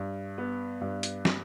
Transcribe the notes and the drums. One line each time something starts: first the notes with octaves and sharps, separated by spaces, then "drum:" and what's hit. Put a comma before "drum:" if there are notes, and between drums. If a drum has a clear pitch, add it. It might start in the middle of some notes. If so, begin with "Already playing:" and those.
Already playing: G2
B3
G2
drum: hi-hat
drum: snare